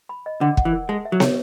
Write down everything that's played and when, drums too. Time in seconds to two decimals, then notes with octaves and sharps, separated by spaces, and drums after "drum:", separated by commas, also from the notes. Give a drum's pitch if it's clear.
0.09 B5
0.26 D#5
0.41 D3 F#5
0.57 F#5, drum: kick
0.65 E3
0.73 A#4
0.89 G#3 A5
1.05 E5
1.12 F#3
1.20 C#5, drum: snare